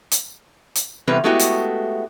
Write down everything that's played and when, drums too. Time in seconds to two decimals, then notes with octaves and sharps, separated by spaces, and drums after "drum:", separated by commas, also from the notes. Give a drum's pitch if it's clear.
0.11 drum: hi-hat
0.75 drum: hi-hat
1.07 E2 C3 G3 C4 B4
1.24 G#3 A3 B3 E4 F#4 G4
1.39 drum: hi-hat